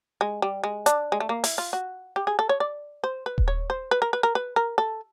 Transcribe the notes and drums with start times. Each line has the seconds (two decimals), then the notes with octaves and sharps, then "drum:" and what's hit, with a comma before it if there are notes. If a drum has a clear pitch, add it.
0.21 G#3
0.42 G3
0.64 G#3
0.86 D4, drum: hi-hat
1.12 G#3
1.20 A3
1.29 A#3
1.44 E4, drum: open hi-hat
1.58 F4
1.73 F#4
2.16 G4
2.27 G#4
2.39 A4
2.49 C#5
2.60 D5
3.04 C5
3.26 B4
3.38 drum: kick D#1
3.48 C#5
3.70 C5
3.91 B4
4.02 A#4
4.13 B4
4.23 A#4
4.35 B4
4.56 A#4
4.78 A4